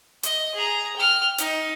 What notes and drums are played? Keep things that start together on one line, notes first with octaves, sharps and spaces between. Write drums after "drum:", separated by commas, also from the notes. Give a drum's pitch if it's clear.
D#5, drum: hi-hat
G#4 A#5
G5 F6
D#4, drum: hi-hat